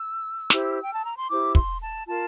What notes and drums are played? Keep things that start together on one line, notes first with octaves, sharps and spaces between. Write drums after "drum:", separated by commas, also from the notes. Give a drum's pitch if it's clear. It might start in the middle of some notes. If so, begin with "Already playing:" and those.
Already playing: E6
E4 G4 C5, drum: snare
G5
A5
A#5
C6
E4 G4 C5 D6
C6, drum: kick
A5
F4 A#4 A5